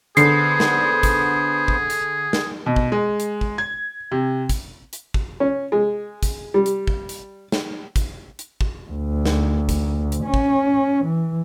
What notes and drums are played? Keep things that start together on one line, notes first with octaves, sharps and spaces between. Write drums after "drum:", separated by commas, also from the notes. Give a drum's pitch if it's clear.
D3 B3 G#4 C5 C7, drum: hi-hat
drum: snare
drum: kick, hi-hat
drum: kick
drum: hi-hat
drum: snare
B2
drum: kick
G#3
drum: hi-hat
drum: kick
G#6
C3
drum: kick, hi-hat
drum: hi-hat
drum: kick
C#4
G#3
drum: kick, hi-hat
G3
drum: hi-hat
drum: kick
drum: hi-hat
drum: snare
drum: kick, hi-hat
drum: hi-hat
drum: kick
D2
drum: snare
drum: kick, hi-hat
drum: hi-hat
C#4
drum: kick
E3